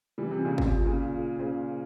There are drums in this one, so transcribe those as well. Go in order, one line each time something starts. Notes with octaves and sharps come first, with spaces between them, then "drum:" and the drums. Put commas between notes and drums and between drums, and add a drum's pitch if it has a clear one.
E3 G3 F4
C3 E3
F4
A#2 C#3
C3 F4, drum: kick
G#4
A#2 C#3
F4
G#4
A#2 C#3 C5
C5